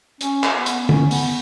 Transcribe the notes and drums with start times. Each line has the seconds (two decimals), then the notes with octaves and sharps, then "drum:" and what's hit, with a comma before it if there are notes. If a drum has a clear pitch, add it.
0.21 C#4, drum: hi-hat
0.44 drum: clap
0.55 B3
0.66 drum: hi-hat
0.89 C#4, drum: tom
1.11 B3, drum: open hi-hat